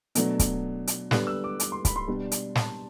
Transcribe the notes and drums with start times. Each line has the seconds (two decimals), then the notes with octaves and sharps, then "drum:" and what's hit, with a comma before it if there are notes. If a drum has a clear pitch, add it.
0.15 B2 F#3 A3 D4, drum: hi-hat
0.39 drum: kick, hi-hat
0.87 drum: hi-hat
1.11 D3 G3 B3 F#6, drum: snare
1.27 E6
1.44 D6
1.60 D6, drum: hi-hat
1.72 C6
1.85 B5, drum: kick, hi-hat
1.96 C6
2.08 B2 G3 D4
2.32 drum: hi-hat
2.55 A5, drum: snare